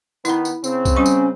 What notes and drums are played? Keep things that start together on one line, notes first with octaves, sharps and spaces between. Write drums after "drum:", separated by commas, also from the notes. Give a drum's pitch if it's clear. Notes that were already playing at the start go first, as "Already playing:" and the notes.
D#3 B3 E4 B5, drum: tambourine
drum: tambourine
C#3 C4, drum: tambourine
drum: kick, tambourine
G3 C#4 C#6
drum: tambourine